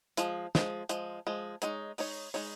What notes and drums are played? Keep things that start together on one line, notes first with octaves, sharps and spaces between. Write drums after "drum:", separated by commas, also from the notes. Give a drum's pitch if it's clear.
F3 G#3, drum: hi-hat
F3 G#3, drum: snare
F3 G#3, drum: hi-hat
F3 G#3
G#3 D#4 C#5, drum: hi-hat
G#3 D#4 C#5, drum: open hi-hat
G#3 D#4 C#5, drum: open hi-hat